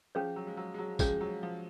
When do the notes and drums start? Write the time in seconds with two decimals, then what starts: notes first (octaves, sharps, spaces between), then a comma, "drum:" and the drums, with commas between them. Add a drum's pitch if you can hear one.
0.15 F3 C#4 G#4 C#5
0.36 F#3
0.47 G#3
0.57 F#3
0.74 G#3
0.78 F#3
0.99 F3 G#3 C#4 G#4 C#5, drum: kick, tambourine
1.21 F#3
1.43 F3